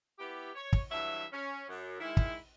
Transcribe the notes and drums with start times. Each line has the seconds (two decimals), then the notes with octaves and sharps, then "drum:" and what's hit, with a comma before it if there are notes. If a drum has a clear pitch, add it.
0.19 B3 E4 G4
0.55 C#5
0.73 drum: kick
0.91 G2 E3 F#3 E5
1.33 C#4
1.69 F#2
2.00 D#3 G#3 E4
2.17 drum: kick